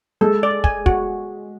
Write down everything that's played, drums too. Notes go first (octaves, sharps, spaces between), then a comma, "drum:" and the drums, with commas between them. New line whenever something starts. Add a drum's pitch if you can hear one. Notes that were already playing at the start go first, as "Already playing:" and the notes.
G#3 A4
D5
G#5, drum: kick
F#4, drum: kick